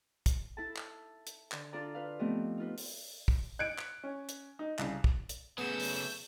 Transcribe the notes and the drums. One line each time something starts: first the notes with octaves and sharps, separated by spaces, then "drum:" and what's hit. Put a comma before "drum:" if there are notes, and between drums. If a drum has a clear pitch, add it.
drum: kick, hi-hat
E4 A4 A5
drum: clap
drum: hi-hat
D3, drum: clap
D4 F4 A4 D5 A#5
F4 B4 F5
F3 A3 B3 C4 G4 D#5
D#4 F4 B4
drum: open hi-hat
drum: kick
F#6 G#6 C#7 D7
drum: clap
C#4
drum: hi-hat
D#4
C2 C#3, drum: clap
drum: kick
drum: hi-hat
C#3 F#3 A3 B3 G#4 E6 G6
drum: open hi-hat